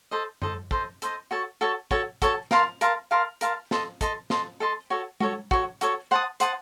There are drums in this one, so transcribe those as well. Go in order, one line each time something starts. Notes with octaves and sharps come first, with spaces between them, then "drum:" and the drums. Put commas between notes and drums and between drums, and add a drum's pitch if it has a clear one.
A4 C5 D#5
A4 C5 D#5, drum: tom F#2
A4 C5 D#5, drum: kick
A4 C5 D#5, drum: hi-hat
F#4 A4 C#5 A5
F#4 A4 C#5 A5
F#4 A4 C#5 A5, drum: kick
F#4 A4 C#5 A5, drum: kick, hi-hat
A#4 F5 A5 C6, drum: snare
A#4 F5 A5 C6, drum: hi-hat
A#4 F5 A5 C6
A#4 F5 A5 C6, drum: hi-hat
A4 D#5 A5 C6, drum: snare
A4 D#5 A5 C6, drum: kick, hi-hat
A4 D#5 A5 C6, drum: snare
A4 D#5 A5 C6
F#4 A4 C#5
F#4 A4 C#5, drum: tom G#3
F#4 A4 C#5, drum: kick
F#4 A4 C#5, drum: hi-hat
C5 F#5 A5 D#6
C5 F#5 A5 D#6, drum: hi-hat